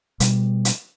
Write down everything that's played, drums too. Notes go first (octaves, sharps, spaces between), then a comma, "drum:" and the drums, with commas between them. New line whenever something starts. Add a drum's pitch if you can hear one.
B2 G3, drum: hi-hat
drum: hi-hat